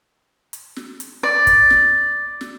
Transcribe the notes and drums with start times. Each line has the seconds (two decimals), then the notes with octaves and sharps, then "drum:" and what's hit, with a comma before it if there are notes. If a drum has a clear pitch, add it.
0.53 drum: hi-hat
0.76 drum: snare
1.00 drum: hi-hat
1.23 D5
1.47 drum: kick, hi-hat
1.70 drum: snare
2.41 drum: snare